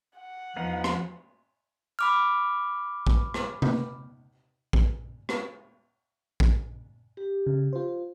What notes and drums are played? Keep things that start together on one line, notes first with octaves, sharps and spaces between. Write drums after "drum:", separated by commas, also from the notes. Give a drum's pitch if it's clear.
F#5
E2 F3 B3 D#4 F5
drum: rim click
B5 D6 F6
drum: kick A#1
drum: rim click
drum: tom C3
drum: kick A#1
drum: rim click
drum: kick A#1
G4
C#3
F4 C5